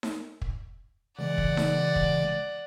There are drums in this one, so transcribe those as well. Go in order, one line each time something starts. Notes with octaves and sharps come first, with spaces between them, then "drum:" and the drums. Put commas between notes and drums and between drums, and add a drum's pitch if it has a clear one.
drum: snare D#4
drum: kick
C#3 E3 G#3 D5 F#5
drum: kick
drum: snare D#4
drum: kick